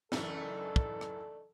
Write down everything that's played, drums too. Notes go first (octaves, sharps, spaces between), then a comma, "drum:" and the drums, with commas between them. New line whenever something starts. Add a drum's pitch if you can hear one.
C#2 F#2 E3 A3 D4 D#4 A4, drum: snare
drum: kick
drum: rim click